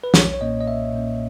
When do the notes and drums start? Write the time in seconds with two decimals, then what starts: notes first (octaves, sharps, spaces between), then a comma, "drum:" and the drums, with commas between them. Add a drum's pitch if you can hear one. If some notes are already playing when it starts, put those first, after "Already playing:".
0.04 B4
0.14 B1 C#5, drum: snare
0.34 C#5
0.41 A#2 A#3 C#4 D#5
0.61 D#5
0.67 B1 E5
0.94 A#2 A#3 C#4